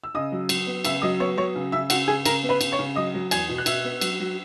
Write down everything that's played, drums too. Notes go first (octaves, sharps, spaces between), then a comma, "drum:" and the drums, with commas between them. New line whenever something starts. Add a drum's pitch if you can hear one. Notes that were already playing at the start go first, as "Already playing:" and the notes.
E6
C#3 D#5 D#6
F#3
F#3, drum: cymbal
B3
C#3 E5 E6, drum: cymbal
F#3 D#5 D#6
B3 C#5 C#6
F#3 C#5 C#6
C#3
C#3 E5 E6
C#3 F#4 F#5, drum: cymbal
C#3 G#4 G#5
C#3 A#4 A#5, drum: cymbal
B3
B4 B5
C#3, drum: cymbal
C#5 C#6
C#3
F#3 D#5 D#6
F#3
E2 G#5 G#6, drum: cymbal
B2
F#6
B2 E5 E6, drum: cymbal
B3
F#3, drum: cymbal
F#3